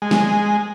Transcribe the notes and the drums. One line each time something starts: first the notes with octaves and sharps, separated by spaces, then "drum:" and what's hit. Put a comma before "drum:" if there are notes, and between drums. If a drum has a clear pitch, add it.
G#3
drum: snare